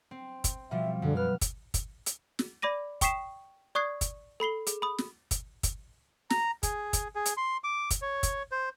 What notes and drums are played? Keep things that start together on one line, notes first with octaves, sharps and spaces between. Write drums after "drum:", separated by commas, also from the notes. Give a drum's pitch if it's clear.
C4
drum: kick, hi-hat
B2 F3 G3 E5
F#2 D3
B4 F6
drum: kick, hi-hat
drum: kick, hi-hat
drum: hi-hat
drum: snare
D5 B5 D6 A#6 D#7
G5 C#6 D#6 B6 C7 E7, drum: kick, hi-hat
D5 C#6 D#6 F#6 G#6 C7
drum: kick, hi-hat
A4 B5 C7 G7
G#4, drum: hi-hat
B5 D#6
drum: snare
drum: kick, hi-hat
drum: kick, hi-hat
A#5, drum: snare
G#4, drum: kick, hi-hat
drum: kick, hi-hat
G#4
drum: hi-hat
C6
D6
drum: kick, hi-hat
C#5
drum: kick, hi-hat
C5